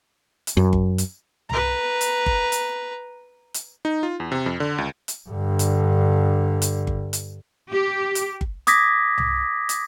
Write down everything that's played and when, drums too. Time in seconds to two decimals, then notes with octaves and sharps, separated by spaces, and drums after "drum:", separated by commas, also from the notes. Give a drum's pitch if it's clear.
0.47 drum: hi-hat
0.57 F#2
0.73 drum: kick G1
0.98 drum: hi-hat
1.50 B4 A#5, drum: tom C2
2.01 drum: hi-hat
2.26 drum: kick G1
2.52 drum: hi-hat
3.54 drum: hi-hat
3.85 D#4
4.03 F4
4.20 E2
4.32 C3
4.46 F2
4.60 D3
4.78 C#2
5.08 drum: hi-hat
5.30 G2 D3
5.59 drum: hi-hat
6.62 drum: hi-hat
6.87 drum: kick G1
7.13 drum: hi-hat
7.71 G4
8.15 drum: hi-hat
8.41 drum: kick G1
8.67 D6 D#6 G#6 A#6 B6, drum: hi-hat
9.18 drum: tom C2
9.69 drum: hi-hat